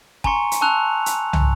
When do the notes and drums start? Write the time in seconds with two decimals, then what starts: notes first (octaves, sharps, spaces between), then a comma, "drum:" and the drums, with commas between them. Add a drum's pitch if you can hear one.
0.24 G#5 A#5 C6 C#6 C#7, drum: kick
0.52 drum: hi-hat
0.61 A5 C#6 E6 F#6 F7
1.06 drum: hi-hat
1.33 drum: tom